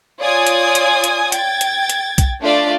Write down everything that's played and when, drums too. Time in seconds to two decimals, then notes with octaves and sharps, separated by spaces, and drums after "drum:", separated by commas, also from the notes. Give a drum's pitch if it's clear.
0.20 F4 C#5 D5 G#5 D#6 G#6
0.47 drum: hi-hat
0.75 drum: hi-hat
1.04 drum: hi-hat
1.32 G5 G#6 A6, drum: hi-hat
1.61 drum: hi-hat
1.89 drum: hi-hat
2.18 drum: kick B1, hi-hat
2.40 A3 D4 F4 D5